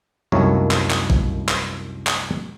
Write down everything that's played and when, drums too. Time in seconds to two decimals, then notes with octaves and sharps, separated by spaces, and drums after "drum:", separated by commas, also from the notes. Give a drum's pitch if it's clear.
0.32 C2 F#2 D#3 A3 A#3 C#5
0.71 drum: clap
0.90 drum: clap
1.10 drum: kick
1.49 drum: clap
2.07 drum: clap